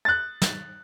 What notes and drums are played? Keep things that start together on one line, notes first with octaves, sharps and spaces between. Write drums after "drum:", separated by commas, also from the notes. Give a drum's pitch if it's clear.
F#6 A6
drum: snare